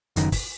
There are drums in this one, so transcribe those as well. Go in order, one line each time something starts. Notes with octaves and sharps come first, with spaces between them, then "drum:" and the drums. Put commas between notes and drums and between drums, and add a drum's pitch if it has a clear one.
F#1 F#2 D#3, drum: hi-hat
drum: kick, open hi-hat